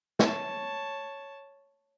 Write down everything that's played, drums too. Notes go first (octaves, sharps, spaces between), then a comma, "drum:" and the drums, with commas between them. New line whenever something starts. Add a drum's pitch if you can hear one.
C#5 A5, drum: snare